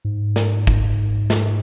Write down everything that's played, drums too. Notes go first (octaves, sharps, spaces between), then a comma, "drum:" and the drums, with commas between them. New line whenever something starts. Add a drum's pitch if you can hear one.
G#2
drum: snare
drum: kick
drum: snare